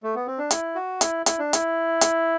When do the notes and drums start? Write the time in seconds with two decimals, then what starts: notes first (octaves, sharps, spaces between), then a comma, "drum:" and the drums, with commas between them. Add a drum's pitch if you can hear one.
0.03 A3
0.15 B3
0.27 C4
0.38 D4
0.51 E4, drum: hi-hat
0.75 F#4
1.01 E4, drum: hi-hat
1.26 E4, drum: hi-hat
1.39 D4
1.53 E4, drum: hi-hat
2.01 drum: hi-hat